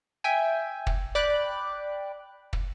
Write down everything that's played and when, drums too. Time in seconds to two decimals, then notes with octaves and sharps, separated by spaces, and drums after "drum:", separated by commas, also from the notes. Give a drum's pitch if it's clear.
0.24 E5 G5 G#5
0.87 drum: kick
1.15 D5 G5 B5 D6 F#6
2.53 drum: kick